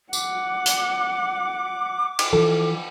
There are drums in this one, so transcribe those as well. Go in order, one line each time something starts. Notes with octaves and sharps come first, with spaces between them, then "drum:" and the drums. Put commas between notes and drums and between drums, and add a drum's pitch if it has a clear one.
F#5 D6, drum: tambourine
drum: hi-hat
drum: cymbal
E3 F3 A4